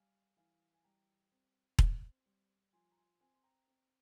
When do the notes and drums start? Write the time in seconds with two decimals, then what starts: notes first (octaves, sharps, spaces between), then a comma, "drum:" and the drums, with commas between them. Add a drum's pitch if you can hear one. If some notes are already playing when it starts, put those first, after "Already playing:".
Already playing: G3 F5 G#5
0.37 E3 F5 G#5
0.74 G#5
0.84 G3 G5 A#5
1.32 C4
1.79 C4, drum: kick E1
2.26 G3
2.73 F3 G#5 C6
2.92 A#5
2.97 G#5 C6
3.20 C4 G#5 C6
3.35 C6
3.44 G5 A#5
3.68 C4